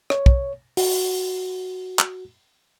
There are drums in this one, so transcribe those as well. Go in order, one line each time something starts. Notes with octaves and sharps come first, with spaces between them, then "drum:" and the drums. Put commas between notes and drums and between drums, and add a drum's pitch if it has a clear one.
C#5, drum: rim click
drum: kick
F#4, drum: open hi-hat
drum: clap